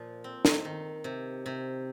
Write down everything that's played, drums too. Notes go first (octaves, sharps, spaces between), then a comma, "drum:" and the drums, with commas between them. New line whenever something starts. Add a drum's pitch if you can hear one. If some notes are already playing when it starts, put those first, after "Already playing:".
Already playing: A#2 F3
C4
drum: snare
D#3
C3
C3